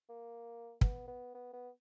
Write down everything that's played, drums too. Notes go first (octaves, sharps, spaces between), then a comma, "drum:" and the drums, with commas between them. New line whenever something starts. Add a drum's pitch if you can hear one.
A#3
B3, drum: kick
B3
B3
B3